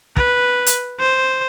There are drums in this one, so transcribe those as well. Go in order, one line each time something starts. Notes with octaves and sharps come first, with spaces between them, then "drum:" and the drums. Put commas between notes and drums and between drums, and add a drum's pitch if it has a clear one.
B4, drum: kick
drum: hi-hat
C5